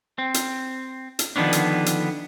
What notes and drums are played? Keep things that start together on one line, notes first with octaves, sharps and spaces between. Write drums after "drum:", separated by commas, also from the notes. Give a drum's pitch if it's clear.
C4
drum: hi-hat
drum: hi-hat
D3 D#3 F3 B3 C#4 D4
drum: hi-hat
drum: hi-hat